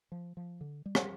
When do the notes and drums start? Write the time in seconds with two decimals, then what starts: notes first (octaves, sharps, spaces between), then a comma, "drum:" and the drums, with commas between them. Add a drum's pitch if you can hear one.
0.12 F3
0.37 F3
0.61 D3
0.86 G3
0.95 drum: rim click